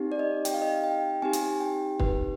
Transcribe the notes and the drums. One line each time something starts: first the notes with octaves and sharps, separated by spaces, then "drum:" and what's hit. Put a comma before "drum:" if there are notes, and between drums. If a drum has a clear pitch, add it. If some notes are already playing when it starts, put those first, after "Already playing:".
Already playing: C4 D#4 G4
D5
D#5
G5, drum: hi-hat
F5
D#5
F5
G5
C4 D#4 G4 G#5
drum: hi-hat
G5
B4, drum: kick